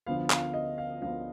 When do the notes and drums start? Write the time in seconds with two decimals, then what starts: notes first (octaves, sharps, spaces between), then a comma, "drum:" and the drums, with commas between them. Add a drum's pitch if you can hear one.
0.07 D2 D3 F3 B3 F5
0.30 F5, drum: clap
0.53 D#5
0.78 F5
1.02 D2 D3 F3 B3 F5